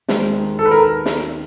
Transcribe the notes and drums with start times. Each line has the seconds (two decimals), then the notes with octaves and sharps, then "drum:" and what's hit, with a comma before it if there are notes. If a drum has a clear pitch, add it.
0.08 D#2 D#3 G#3 C4, drum: snare
0.59 A4
0.65 B4
0.71 A#4
1.06 drum: snare